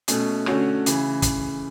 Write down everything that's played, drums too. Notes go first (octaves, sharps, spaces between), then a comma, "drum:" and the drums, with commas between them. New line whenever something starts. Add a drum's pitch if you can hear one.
B2 A3 C#4, drum: hi-hat
D3 A3 C#4 F#4 C#5, drum: rim click
C#3 E3, drum: hi-hat
drum: kick, hi-hat